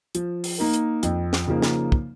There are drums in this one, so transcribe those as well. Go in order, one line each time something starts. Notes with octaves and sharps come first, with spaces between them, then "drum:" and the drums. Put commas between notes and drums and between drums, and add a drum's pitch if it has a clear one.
F3, drum: hi-hat
drum: open hi-hat
A#3 D#4 A#4
drum: hi-hat
F2, drum: hi-hat
drum: snare
C#3 F3 A#3 D#4
drum: snare
drum: kick